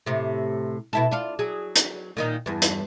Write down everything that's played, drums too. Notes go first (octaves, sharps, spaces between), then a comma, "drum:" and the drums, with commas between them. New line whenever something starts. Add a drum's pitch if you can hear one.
A2 C3
B2 E4 A4
D4 F4
F#3 G#4
drum: hi-hat
A#2 D#3 D#4
E2 G2
drum: hi-hat